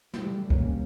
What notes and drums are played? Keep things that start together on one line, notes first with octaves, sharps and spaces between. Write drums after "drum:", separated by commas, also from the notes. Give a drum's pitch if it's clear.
C#3 E3 F#3 G3 A3, drum: snare
D2 G2 G3 A#3 C#4, drum: kick